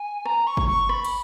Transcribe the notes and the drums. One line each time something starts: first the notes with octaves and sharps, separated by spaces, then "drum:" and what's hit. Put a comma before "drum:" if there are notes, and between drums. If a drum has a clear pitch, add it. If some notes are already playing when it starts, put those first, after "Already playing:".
Already playing: G#5
A#5, drum: rim click
C#6
drum: kick
C#6
B5, drum: rim click
drum: cymbal